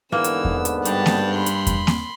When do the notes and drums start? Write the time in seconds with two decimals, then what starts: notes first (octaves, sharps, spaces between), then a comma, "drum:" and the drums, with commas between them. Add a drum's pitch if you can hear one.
0.12 G#2 D3 E3 A#3 B3 E6
0.24 drum: hi-hat
0.45 drum: kick E2
0.65 drum: hi-hat
0.85 G2 G4 A5, drum: hi-hat
1.06 drum: snare A#3
1.35 B5 C6
1.46 drum: hi-hat
1.67 drum: kick E2, hi-hat
1.87 drum: snare A#3